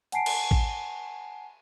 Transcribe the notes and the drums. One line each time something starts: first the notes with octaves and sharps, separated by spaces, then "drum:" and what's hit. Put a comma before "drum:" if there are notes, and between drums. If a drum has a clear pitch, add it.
F#5 G#5 A5 C7 D7, drum: hi-hat
drum: cymbal
drum: kick A1